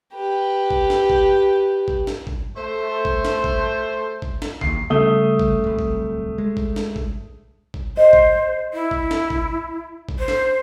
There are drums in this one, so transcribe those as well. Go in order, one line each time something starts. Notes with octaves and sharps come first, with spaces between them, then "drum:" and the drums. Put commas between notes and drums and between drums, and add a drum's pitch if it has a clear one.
G4 B4
drum: kick
drum: snare
drum: kick
drum: kick
drum: snare
drum: kick
A3 C5
drum: kick
drum: snare
drum: kick
drum: kick
drum: snare
D1 D#2 C7, drum: kick
C#3 G3 A3 C#4 D#6 G7
drum: kick
D1 C2
drum: kick
G#3
drum: kick
drum: snare
drum: kick
drum: kick
C5 D#5
drum: kick
E4
drum: kick
drum: snare
drum: kick
drum: kick
C5
drum: snare